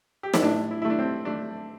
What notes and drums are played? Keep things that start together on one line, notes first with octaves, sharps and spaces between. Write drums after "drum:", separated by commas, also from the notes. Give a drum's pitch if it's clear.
G4
E4, drum: snare
A2 D4
E4
A3 E4
D4
C4
A3 D4